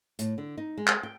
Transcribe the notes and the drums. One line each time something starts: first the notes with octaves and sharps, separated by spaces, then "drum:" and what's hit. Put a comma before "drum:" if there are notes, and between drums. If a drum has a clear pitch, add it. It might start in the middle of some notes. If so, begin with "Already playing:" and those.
A2, drum: hi-hat
D3
D#4
G#3
drum: clap
G5